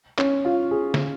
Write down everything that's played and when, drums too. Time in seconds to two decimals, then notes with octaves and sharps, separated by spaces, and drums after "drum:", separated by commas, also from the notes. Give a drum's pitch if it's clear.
0.18 C#4, drum: clap
0.45 F4
0.71 G#4
0.94 drum: snare